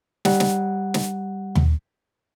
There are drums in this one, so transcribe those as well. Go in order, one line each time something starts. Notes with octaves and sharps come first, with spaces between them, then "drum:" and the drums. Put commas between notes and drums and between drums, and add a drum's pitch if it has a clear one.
G3 F#5, drum: snare
drum: snare
drum: snare
drum: tom D#2